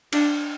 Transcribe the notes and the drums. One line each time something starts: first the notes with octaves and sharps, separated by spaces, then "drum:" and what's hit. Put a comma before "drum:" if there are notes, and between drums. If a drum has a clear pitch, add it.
D4, drum: cymbal